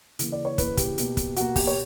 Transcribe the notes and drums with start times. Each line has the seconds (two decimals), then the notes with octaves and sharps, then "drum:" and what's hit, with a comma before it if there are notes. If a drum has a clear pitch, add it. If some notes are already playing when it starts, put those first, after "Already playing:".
0.19 C#3 E3 A#3, drum: hi-hat
0.32 D5
0.45 C#5
0.58 C#3 E3 A#3 B4, drum: kick, hi-hat
0.77 G4, drum: kick, hi-hat
0.98 B2 A#3, drum: hi-hat
1.17 drum: kick, hi-hat
1.36 B2 A#3 F#4, drum: hi-hat
1.56 G4, drum: kick, open hi-hat
1.67 C#5